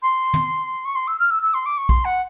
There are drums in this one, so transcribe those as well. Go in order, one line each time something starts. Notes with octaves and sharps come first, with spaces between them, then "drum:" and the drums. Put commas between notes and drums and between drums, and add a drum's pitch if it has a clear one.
C6
drum: tom
C#6
C6
E6
F6
E6
E6
C6
D6
C#6
C6, drum: kick
F#5